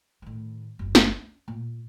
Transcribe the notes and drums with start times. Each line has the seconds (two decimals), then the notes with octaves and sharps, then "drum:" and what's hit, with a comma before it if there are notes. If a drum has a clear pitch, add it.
0.22 A2 D#3
0.79 F#1 E2
0.95 drum: snare
1.09 C#4 D4
1.48 A#2